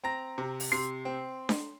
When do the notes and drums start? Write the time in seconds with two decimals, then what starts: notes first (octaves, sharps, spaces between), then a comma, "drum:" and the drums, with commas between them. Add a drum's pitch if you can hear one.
0.04 C4 A#5 A#6
0.38 C3
0.60 drum: open hi-hat
0.71 C3 C6 C7
1.05 C4
1.49 drum: snare D4